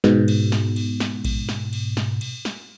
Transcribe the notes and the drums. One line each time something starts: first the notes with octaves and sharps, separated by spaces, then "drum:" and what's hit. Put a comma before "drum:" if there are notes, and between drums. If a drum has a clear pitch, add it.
G#2 B2, drum: snare
drum: cymbal
drum: snare
drum: cymbal
drum: snare
drum: kick A1, cymbal
drum: snare
drum: cymbal
drum: snare
drum: cymbal
drum: snare